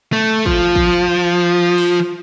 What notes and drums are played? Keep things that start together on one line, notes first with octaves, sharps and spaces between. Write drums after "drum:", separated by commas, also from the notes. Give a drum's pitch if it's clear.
A3
F3, drum: kick
drum: kick
drum: open hi-hat